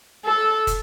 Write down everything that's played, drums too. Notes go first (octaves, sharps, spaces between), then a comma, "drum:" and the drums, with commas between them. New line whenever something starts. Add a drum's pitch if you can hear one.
A4
drum: kick, hi-hat